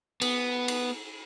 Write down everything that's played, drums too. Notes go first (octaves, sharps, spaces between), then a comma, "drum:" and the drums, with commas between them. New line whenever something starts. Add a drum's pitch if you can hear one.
B3, drum: cymbal
drum: cymbal